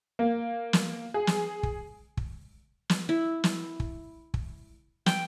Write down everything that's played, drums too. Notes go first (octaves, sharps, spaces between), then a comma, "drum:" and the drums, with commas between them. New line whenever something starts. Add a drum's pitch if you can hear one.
A#3
drum: snare
G#4
drum: snare
drum: kick
drum: kick
drum: snare
E4
drum: snare
drum: kick
drum: kick
G5, drum: snare